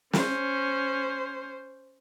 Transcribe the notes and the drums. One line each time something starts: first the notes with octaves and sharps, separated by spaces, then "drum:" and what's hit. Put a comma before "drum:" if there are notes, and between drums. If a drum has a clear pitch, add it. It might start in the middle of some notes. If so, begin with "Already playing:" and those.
C#4 C5, drum: snare